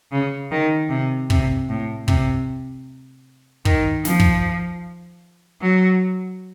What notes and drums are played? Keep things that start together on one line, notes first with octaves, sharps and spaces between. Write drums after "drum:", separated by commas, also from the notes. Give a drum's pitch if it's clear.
C#3
D#3
C3
C3, drum: kick
A2
C3, drum: kick
D#3, drum: kick
F3, drum: snare
drum: kick
F#3